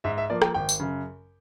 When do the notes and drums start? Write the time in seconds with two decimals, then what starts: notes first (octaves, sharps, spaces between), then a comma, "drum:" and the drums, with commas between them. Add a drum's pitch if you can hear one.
0.04 G#2 E5
0.17 E5
0.30 F3 A#3 D5
0.42 G5, drum: rim click
0.54 G#1 G5
0.69 drum: tambourine
0.80 F#2 C#3